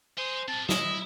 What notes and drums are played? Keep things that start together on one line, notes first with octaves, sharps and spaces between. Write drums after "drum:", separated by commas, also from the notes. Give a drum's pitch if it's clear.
C5 G#5 C6
C4 G#4 A5
E4 D#5, drum: snare